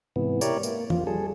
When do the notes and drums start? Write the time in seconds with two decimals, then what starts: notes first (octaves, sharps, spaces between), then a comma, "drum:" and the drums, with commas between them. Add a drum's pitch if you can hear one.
0.16 G#2 C3 E3 B3
0.41 E4 G4 A#4 C#5 D5, drum: tambourine
0.63 A#3, drum: tambourine
0.90 F2 F3 F4, drum: tom E3
1.07 G3 G#4 A4